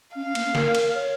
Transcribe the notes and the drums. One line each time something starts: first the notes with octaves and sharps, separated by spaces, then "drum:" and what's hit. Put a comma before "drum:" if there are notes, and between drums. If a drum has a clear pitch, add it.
C#4 F5
C#4
A#3, drum: cymbal
C#4
A#4, drum: snare
drum: cymbal
C#5